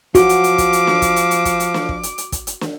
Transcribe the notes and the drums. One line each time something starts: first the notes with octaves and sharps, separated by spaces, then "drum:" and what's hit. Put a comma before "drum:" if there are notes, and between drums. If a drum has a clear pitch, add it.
F3 F#4 D6, drum: kick, hi-hat
drum: hi-hat
drum: hi-hat
drum: kick, hi-hat
drum: hi-hat
drum: snare
drum: kick, hi-hat
drum: hi-hat
drum: hi-hat
drum: kick, hi-hat
drum: hi-hat
drum: snare
drum: kick
drum: hi-hat
drum: hi-hat
drum: kick, hi-hat
drum: hi-hat
drum: snare